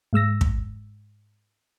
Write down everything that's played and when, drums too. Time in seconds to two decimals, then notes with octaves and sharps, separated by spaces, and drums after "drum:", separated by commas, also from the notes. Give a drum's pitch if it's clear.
0.13 G#2 G#3 E6 A#6
0.41 drum: kick